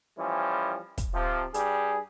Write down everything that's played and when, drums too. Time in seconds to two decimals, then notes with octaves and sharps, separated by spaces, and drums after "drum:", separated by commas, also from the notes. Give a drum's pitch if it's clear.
0.18 E3 F3 G3 C#4
0.98 drum: kick, hi-hat
1.14 C3 F3
1.54 G2 G3 G#4, drum: hi-hat